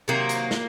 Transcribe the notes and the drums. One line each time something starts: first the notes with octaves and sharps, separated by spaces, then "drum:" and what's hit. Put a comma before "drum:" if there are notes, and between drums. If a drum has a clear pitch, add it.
C3 D#3 F#3 A#3
drum: hi-hat
drum: snare